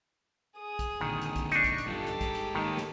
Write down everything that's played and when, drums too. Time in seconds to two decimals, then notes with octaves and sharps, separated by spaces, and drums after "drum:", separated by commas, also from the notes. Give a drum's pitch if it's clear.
0.58 G#4 D#6
0.79 drum: kick, hi-hat
1.01 A#2 D3 D#3
1.22 drum: hi-hat
1.36 drum: kick, hi-hat
1.52 D4 D#4 C#6, drum: hi-hat
1.64 drum: kick, hi-hat
1.78 drum: hi-hat
1.88 G2 F4 G4 A4
2.07 drum: hi-hat
2.21 G#2, drum: kick, hi-hat
2.35 drum: hi-hat
2.55 D#3 A#3 D#4
2.77 drum: snare